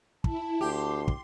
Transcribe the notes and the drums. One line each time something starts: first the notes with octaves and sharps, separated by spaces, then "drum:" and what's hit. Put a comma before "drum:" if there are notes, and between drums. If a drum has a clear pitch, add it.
E4 A5, drum: kick
D2 G4 C6
drum: kick